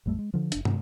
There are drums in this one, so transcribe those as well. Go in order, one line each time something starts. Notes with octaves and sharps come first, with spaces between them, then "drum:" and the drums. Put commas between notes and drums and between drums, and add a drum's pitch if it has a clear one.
A1 F2 G3 A3
G#3
D3 F3
F#1 D4, drum: hi-hat
C3, drum: tom